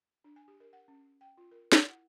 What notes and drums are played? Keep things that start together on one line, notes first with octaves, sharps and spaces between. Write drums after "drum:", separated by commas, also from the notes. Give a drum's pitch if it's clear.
D4
G#5
G4
A#4
F#5
C#4
G5
F4
A#4
E4, drum: snare
F#5